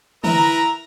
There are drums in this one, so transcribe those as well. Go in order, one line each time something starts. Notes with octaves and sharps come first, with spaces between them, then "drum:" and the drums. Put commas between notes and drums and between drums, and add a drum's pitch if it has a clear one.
E4 A#4 B4 E5 A#5, drum: tom D3